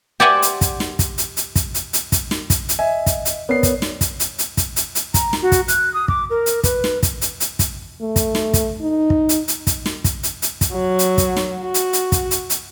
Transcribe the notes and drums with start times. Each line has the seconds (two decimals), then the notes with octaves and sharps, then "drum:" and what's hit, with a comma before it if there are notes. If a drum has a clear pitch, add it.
0.20 G4 C5 D5 E5 F#5 G#5
0.42 drum: hi-hat
0.61 drum: kick, hi-hat
0.80 drum: snare
0.99 drum: kick, hi-hat
1.18 drum: hi-hat
1.37 drum: hi-hat
1.56 drum: kick, hi-hat
1.74 drum: hi-hat
1.93 drum: hi-hat
2.12 drum: kick, hi-hat
2.31 drum: snare
2.50 drum: kick, hi-hat
2.69 drum: hi-hat
2.79 D#5 E5 G#5
3.06 drum: kick, hi-hat
3.25 drum: hi-hat
3.49 B3 A#4 C#5 D5 C7
3.63 drum: kick, hi-hat
3.82 drum: snare
4.01 drum: kick, hi-hat
4.20 drum: hi-hat
4.38 drum: hi-hat
4.57 drum: kick, hi-hat
4.76 drum: hi-hat
4.95 drum: hi-hat
5.14 A#5, drum: kick, hi-hat
5.33 drum: snare
5.42 F#4
5.52 drum: kick, hi-hat
5.68 F#6, drum: hi-hat
5.94 D#6
6.08 D6, drum: kick
6.30 A#4
6.46 drum: hi-hat
6.64 B4, drum: kick, hi-hat
6.84 drum: snare
7.03 drum: kick, hi-hat
7.21 drum: hi-hat
7.40 drum: hi-hat
7.59 drum: kick, hi-hat
8.01 A3
8.16 drum: kick, hi-hat
8.35 drum: snare
8.54 drum: kick, hi-hat
8.81 D#4
9.10 drum: kick
9.29 drum: hi-hat
9.48 drum: hi-hat
9.67 drum: kick, hi-hat
9.86 drum: snare
10.04 drum: kick, hi-hat
10.23 drum: hi-hat
10.42 drum: hi-hat
10.61 drum: kick, hi-hat
10.73 F#3
10.99 drum: hi-hat
11.18 drum: kick, hi-hat
11.36 drum: snare
11.62 F#4
11.74 drum: hi-hat
11.93 drum: hi-hat
12.12 drum: kick, hi-hat
12.31 drum: hi-hat
12.50 drum: hi-hat